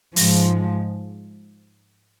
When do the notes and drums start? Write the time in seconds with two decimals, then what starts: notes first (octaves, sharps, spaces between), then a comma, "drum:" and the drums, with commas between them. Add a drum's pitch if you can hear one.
0.16 G#2 F3 G#3, drum: open hi-hat